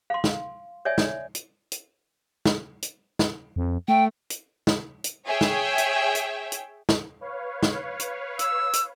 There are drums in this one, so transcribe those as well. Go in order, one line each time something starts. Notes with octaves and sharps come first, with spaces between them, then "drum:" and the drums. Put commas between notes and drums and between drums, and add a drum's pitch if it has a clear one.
F5 C6
drum: snare
C#5 D5 E5 G#5
drum: snare
drum: hi-hat
drum: hi-hat
drum: snare
drum: hi-hat
drum: snare
F2
A3 G5
drum: hi-hat
drum: snare
drum: hi-hat
G#4 C#5 E5 G5
drum: snare
drum: hi-hat
drum: hi-hat
drum: hi-hat
drum: snare
B4 C#5 F5
drum: snare
drum: hi-hat
E6, drum: hi-hat
drum: hi-hat